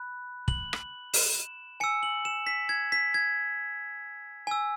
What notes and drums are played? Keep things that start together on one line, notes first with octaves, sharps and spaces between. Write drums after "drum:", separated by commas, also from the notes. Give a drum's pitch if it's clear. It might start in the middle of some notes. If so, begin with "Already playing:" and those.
Already playing: B5 F#6
F#7, drum: kick
drum: rim click
E7, drum: open hi-hat
G#5 E6 C#7
F#7
E7
B6
G#6
B6
G#6
G#5 E6